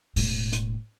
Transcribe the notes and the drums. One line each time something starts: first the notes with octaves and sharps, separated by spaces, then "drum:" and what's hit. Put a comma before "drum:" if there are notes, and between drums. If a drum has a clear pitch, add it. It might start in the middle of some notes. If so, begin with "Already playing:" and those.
E1 A2, drum: open hi-hat
drum: hi-hat